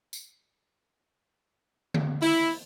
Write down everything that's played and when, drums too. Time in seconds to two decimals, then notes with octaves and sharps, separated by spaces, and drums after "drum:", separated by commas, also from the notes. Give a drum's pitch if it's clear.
0.13 drum: tambourine
1.94 drum: tom D3
2.22 E4, drum: open hi-hat